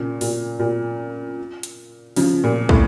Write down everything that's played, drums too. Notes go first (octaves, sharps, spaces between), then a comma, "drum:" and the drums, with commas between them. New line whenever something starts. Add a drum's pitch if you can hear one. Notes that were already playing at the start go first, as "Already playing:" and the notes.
Already playing: A#2 C#3
A#2, drum: open hi-hat
A#2
drum: hi-hat
C#3 F3, drum: open hi-hat
A#2
A2, drum: kick